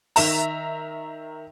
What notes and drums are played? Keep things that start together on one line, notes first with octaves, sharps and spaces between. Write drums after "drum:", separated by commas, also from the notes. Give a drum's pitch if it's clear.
D#3 E5 A#5, drum: open hi-hat